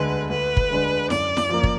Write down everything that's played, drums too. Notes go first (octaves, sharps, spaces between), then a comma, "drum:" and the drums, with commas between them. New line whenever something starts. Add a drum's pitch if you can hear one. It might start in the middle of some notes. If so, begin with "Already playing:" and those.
Already playing: D2 D3 G#3 B4
D2 B4
drum: kick
D3 G#3 D4
F#2 D5, drum: snare E4
drum: snare E4
F3 A#3
drum: kick